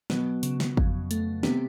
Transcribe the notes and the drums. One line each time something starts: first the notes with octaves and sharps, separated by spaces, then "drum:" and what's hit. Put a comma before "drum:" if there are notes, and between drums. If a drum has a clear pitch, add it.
B2 F#3, drum: snare
C#3, drum: hi-hat
drum: snare
F2, drum: kick
A3, drum: hi-hat
C3 B3, drum: snare